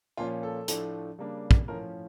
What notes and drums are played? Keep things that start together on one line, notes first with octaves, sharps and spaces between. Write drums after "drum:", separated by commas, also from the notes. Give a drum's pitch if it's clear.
A#2 F3 A#3 C#4 F4
A4
A2 F3 A3 D4, drum: hi-hat
C#3 G3 A#3 D4
drum: kick
A2 F3 C#4 A#4